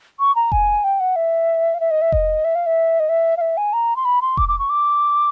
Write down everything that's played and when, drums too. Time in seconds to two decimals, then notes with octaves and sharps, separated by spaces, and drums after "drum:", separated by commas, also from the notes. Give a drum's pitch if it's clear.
0.19 C#6
0.35 A#5
0.52 G#5, drum: kick F1
0.84 G5
1.00 F#5
1.16 E5
1.74 F5
1.80 E5
1.91 D#5
2.01 E5
2.12 D#5, drum: kick F1
2.44 E5
2.55 F5
2.66 E5
3.00 D#5
3.09 E5
3.37 F5
3.41 E5
3.57 G#5
3.73 A#5
3.96 C6
4.05 B5
4.22 C6
4.37 D6, drum: kick F1
4.48 D6
4.59 C#6
4.69 D6